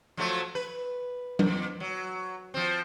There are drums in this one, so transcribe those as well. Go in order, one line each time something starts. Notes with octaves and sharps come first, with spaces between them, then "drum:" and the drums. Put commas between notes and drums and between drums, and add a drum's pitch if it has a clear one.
F3 F#3 A3
B4
E2, drum: tom F#3
F#3
F3 C4